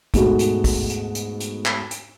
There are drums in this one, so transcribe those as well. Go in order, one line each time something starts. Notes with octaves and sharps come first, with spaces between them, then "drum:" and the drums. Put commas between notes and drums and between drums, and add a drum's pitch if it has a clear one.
G#2 B2 G#3 A3 B3 F#4, drum: kick, hi-hat
drum: hi-hat
drum: kick, open hi-hat
drum: hi-hat
drum: hi-hat
drum: hi-hat
drum: clap
drum: hi-hat